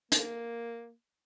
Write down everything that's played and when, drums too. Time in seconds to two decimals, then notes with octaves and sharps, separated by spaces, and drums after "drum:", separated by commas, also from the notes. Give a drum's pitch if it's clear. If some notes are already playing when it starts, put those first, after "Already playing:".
0.12 A#3, drum: hi-hat